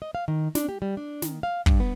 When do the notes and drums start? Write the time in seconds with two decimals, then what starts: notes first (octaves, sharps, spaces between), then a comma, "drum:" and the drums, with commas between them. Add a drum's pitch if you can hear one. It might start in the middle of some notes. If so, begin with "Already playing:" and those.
0.02 D#5
0.15 F5
0.28 D#3
0.55 D4, drum: snare
0.69 G4
0.82 G3
0.97 D4
1.22 D#3, drum: snare
1.43 F5
1.66 G2, drum: kick
1.80 B3